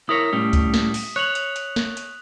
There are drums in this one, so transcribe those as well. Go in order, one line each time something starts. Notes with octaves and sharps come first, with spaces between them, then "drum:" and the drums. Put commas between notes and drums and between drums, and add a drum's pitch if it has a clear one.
E4 A#4 C#5 D#6 B6
A2 G3 C#4
drum: kick C#2, hi-hat
drum: snare
drum: open hi-hat
C#5 F#6 F7 F#7
drum: hi-hat
drum: hi-hat
drum: snare
drum: hi-hat